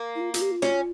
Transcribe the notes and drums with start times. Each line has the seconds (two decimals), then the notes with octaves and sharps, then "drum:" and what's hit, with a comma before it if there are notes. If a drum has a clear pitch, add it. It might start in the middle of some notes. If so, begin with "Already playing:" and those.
Already playing: A#3
0.15 E4
0.21 F4
0.34 F4, drum: hi-hat
0.42 G4
0.51 F4
0.62 C#4, drum: snare